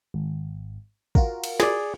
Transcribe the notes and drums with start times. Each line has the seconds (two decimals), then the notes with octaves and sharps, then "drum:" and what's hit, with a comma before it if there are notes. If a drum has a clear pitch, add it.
0.14 G#1
1.15 F4 F#4 A#4, drum: kick
1.44 drum: cymbal
1.60 G#4 D5, drum: snare